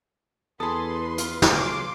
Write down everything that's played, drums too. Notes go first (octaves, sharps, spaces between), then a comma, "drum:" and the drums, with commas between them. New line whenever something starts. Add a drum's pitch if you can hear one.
E2 G#4 A4 B4 B5 C6 D#6
F4, drum: hi-hat
drum: snare
B1 C#3 F4 G#4 C#5 C6 D6